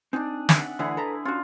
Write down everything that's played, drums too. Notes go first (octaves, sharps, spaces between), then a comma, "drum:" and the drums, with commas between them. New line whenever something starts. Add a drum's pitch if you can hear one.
C4 D4 D#4 G#4
E5 F#5, drum: snare
D2 D3 E3 E4 G#4 F#5
A4 B4 A#5
C#4 F4 F#4